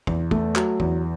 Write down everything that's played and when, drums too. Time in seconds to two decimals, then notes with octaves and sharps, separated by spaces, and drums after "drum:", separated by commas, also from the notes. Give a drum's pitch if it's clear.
0.07 E2, drum: kick
0.31 A3, drum: kick
0.56 F#3, drum: clap
0.80 E2, drum: kick